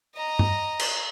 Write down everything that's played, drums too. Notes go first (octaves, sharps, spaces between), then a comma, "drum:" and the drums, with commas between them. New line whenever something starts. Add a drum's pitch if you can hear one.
D#5 A#5
drum: tom G2
drum: cymbal